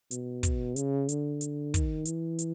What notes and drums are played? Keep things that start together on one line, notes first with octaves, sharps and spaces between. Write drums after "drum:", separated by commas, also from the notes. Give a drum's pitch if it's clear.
B2, drum: hi-hat
drum: kick, hi-hat
C#3, drum: hi-hat
D3, drum: hi-hat
drum: hi-hat
D#3, drum: kick, hi-hat
E3, drum: hi-hat
drum: hi-hat